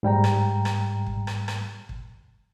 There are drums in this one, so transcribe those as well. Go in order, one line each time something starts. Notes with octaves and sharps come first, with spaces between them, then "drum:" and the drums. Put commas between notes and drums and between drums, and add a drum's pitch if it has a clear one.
G#2 G3 G5 A#5
drum: rim click
drum: rim click
drum: kick
drum: rim click
drum: rim click
drum: kick